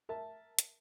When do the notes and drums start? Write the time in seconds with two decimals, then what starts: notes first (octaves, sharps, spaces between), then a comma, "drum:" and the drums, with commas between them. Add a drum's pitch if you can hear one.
0.09 A#4 E5 A5
0.59 drum: hi-hat